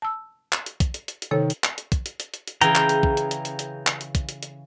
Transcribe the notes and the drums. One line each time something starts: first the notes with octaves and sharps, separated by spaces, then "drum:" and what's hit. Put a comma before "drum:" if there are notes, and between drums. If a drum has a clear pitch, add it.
A5 E6
drum: clap
drum: hi-hat
drum: kick, hi-hat
drum: hi-hat
drum: hi-hat
drum: hi-hat
C3 D#3 A4 C#5
drum: hi-hat
drum: clap
drum: hi-hat
drum: kick, hi-hat
drum: hi-hat
drum: hi-hat
drum: hi-hat
drum: hi-hat
C#3 E3 G5 A#5, drum: hi-hat
drum: clap
drum: hi-hat
drum: kick
drum: hi-hat
drum: hi-hat
drum: hi-hat
drum: hi-hat
drum: clap
drum: hi-hat
drum: kick, hi-hat
drum: hi-hat
drum: hi-hat